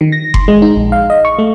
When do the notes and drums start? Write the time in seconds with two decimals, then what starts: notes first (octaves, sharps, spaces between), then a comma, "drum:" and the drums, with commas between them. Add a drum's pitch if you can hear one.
0.01 D#3
0.12 A#6
0.34 C6, drum: kick F#1
0.48 G#3
0.62 D#4
0.76 A#1
0.92 F5
1.10 D#5
1.25 C#6
1.39 A3